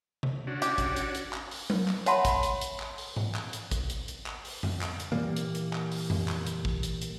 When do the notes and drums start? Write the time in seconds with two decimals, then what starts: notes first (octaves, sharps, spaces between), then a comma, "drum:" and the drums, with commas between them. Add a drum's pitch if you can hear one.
0.23 drum: tom C3
0.47 C#4 D4 F#4
0.62 G4, drum: hi-hat
0.78 drum: kick, hi-hat
0.96 drum: hi-hat
1.15 drum: hi-hat
1.33 drum: clap
1.51 drum: open hi-hat
1.70 drum: tom F#3
1.88 drum: clap
2.06 C#5 E5 F#5 A5 B5 C6, drum: hi-hat
2.25 drum: kick, hi-hat
2.43 drum: hi-hat
2.61 drum: hi-hat
2.80 drum: clap
2.98 drum: open hi-hat
3.16 drum: tom G#2
3.35 drum: clap
3.53 drum: hi-hat
3.71 drum: kick, hi-hat
3.90 drum: hi-hat
4.08 drum: hi-hat
4.26 drum: clap
4.45 drum: open hi-hat
4.63 drum: tom F2
4.81 drum: clap
5.00 drum: hi-hat
5.12 A#2 E3 G3 A#3
5.36 drum: hi-hat
5.55 drum: hi-hat
5.73 drum: clap
5.92 drum: open hi-hat
6.10 drum: tom F2
6.28 drum: clap
6.47 drum: hi-hat
6.65 drum: kick
6.83 drum: hi-hat
7.02 drum: hi-hat